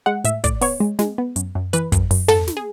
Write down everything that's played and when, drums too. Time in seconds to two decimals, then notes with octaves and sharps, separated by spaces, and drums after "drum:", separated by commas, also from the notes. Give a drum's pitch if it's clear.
0.06 G#3 F#5
0.24 A2 E5, drum: hi-hat
0.44 A2 D5, drum: kick, hi-hat
0.61 B3 C#5, drum: open hi-hat
0.80 G#3
0.99 G#3, drum: snare
1.18 B3
1.36 F#2, drum: hi-hat
1.55 F#2
1.73 E3 B4, drum: hi-hat
1.92 F#2, drum: kick, hi-hat
2.11 F#2, drum: open hi-hat
2.28 G#2 A4, drum: tom
2.48 drum: snare
2.57 G#4